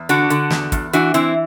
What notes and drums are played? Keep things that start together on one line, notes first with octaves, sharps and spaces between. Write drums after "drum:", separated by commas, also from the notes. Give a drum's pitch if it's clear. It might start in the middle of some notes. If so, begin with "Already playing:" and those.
Already playing: E2
D3 D4 F#4, drum: hi-hat
D3, drum: hi-hat
E2, drum: snare
E2, drum: kick, hi-hat
E3 D4 F#4, drum: hi-hat
E3 C4 E4, drum: hi-hat